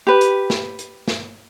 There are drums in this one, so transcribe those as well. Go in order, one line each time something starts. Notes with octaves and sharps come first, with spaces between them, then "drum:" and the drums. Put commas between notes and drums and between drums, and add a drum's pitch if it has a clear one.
G4 B4
drum: hi-hat
drum: snare
drum: hi-hat
drum: snare